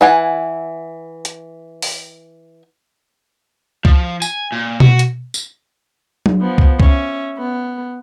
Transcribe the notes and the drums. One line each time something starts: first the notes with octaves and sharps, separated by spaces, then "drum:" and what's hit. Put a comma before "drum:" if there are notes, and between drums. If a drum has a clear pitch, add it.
E3 F#5 G#5
drum: hi-hat
drum: open hi-hat
F3, drum: kick
G#5, drum: tambourine
A#2
F#4, drum: tom B2
drum: hi-hat
drum: tambourine
drum: tom F#3
F3 B3
drum: kick
C#4 E5, drum: kick
B3